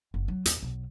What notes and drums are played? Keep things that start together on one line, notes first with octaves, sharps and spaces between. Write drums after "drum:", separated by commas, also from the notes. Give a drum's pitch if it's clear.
F#1
F#3
D#2, drum: hi-hat
B1